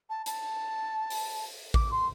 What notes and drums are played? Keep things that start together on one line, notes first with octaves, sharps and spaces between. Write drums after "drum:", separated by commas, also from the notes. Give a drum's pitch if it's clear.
A5
A5, drum: hi-hat
drum: open hi-hat
D6, drum: kick A1
C6